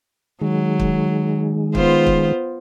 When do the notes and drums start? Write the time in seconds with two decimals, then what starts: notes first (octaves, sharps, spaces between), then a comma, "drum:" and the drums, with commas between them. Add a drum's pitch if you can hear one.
0.42 D#3 F#3 G#3
0.80 drum: kick
1.75 B3 F4 C5, drum: kick
2.07 drum: kick